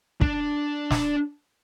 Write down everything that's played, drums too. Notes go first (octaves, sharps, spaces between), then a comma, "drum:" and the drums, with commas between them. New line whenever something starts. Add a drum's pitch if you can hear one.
D4, drum: kick
drum: snare